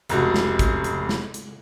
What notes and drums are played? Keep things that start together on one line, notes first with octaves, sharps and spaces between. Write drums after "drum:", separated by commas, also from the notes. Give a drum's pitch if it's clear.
F1 C#2 F#4, drum: hi-hat
drum: snare
drum: kick, hi-hat
drum: hi-hat
drum: snare
drum: hi-hat